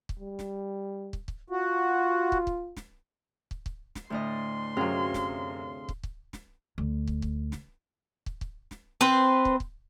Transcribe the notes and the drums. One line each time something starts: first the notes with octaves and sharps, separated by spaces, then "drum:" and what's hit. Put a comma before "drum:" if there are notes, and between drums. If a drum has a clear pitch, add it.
drum: kick
G3
drum: snare
drum: kick
drum: kick
F4 F#4
drum: kick
drum: kick
drum: snare
drum: kick
drum: kick
drum: snare
D2 A2 D#5 C6
F#2 C3 F#3 G#4 F5
drum: snare
drum: kick
drum: kick
drum: snare
D2
drum: kick
drum: kick
drum: snare
drum: kick
drum: kick
drum: snare
C4 B4 C5
drum: kick
drum: kick